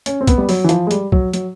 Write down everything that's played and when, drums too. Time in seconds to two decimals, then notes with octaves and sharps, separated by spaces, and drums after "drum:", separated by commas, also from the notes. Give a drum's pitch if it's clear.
0.06 C#4, drum: hi-hat
0.21 C4
0.27 B3, drum: kick, hi-hat
0.38 G3
0.49 F#3, drum: open hi-hat
0.64 E3
0.69 F3, drum: hi-hat
0.87 G#3
0.91 G3, drum: hi-hat
1.12 F#3, drum: kick
1.33 F#3, drum: hi-hat